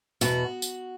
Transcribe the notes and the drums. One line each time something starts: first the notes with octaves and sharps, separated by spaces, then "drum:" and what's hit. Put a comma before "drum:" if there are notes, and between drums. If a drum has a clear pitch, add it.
E2 B2 F#4, drum: tambourine
drum: tambourine